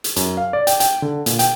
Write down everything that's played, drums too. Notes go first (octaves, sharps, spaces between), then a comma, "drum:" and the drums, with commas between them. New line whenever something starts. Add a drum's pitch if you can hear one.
drum: hi-hat
F#2, drum: hi-hat
F5
D5
G5, drum: hi-hat
G5, drum: hi-hat
D3
A#2, drum: hi-hat
G5, drum: hi-hat